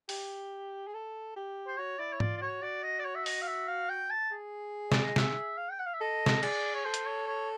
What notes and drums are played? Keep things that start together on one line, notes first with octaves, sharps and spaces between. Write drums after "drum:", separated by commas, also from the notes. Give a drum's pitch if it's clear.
G4, drum: open hi-hat
G#4
A4
G4
C5
F#4 C#5
E4 D5
C#5
F4 D5, drum: tom G#2
D5
F#4 C#5
F#4 D5
D#5
D5
C#5
E5
D#5, drum: open hi-hat
F5
E5
F5
G5
A5
G#4
D5, drum: snare
D#5
E5, drum: snare
F5
G5
F#5
F5
E5
A4 D#5
drum: snare
G#4 D5, drum: cymbal
C#5
A4 C5
drum: hi-hat
C#5
C#5